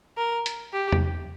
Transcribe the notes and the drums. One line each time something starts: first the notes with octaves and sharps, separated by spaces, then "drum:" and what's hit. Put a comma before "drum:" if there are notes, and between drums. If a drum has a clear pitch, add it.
A#4
drum: hi-hat
G4
drum: tom E2